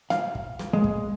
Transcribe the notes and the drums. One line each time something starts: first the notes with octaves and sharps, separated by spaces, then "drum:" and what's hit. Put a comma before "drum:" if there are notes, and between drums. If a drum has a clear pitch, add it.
F5, drum: snare
drum: kick
drum: snare
G#3
drum: kick